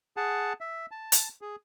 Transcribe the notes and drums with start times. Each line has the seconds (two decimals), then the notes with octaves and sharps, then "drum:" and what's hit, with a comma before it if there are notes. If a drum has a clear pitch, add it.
0.17 G#4 F#5 A5
0.61 E5
0.91 A5
1.12 drum: hi-hat
1.41 G#4